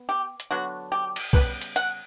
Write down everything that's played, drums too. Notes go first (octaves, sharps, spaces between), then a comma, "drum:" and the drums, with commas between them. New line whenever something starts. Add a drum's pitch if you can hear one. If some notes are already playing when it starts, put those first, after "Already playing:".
Already playing: B3
G4
drum: hi-hat
D3 F#3 B3 F#4
G4
drum: cymbal
C#3 G3 B3 B4, drum: kick B1
drum: hi-hat
F#5, drum: hi-hat